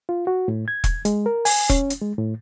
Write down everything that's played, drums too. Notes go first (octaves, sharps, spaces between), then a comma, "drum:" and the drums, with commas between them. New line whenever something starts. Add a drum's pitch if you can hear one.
F4
F#4
A2
G#6
drum: kick E1, hi-hat
G#3, drum: hi-hat
A#4
G#5, drum: open hi-hat
C#4, drum: kick E1, hi-hat
drum: hi-hat
G#3
A2